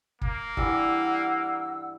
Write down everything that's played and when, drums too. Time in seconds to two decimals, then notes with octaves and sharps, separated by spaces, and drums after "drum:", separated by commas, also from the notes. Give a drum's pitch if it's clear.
0.22 A#3, drum: kick
0.57 G2 E3 G3 F#5 E6, drum: kick